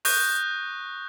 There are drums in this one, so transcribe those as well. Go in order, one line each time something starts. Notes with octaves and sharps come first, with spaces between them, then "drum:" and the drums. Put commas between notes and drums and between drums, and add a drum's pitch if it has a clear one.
C#6 D#6 F#6 G6 A#6, drum: open hi-hat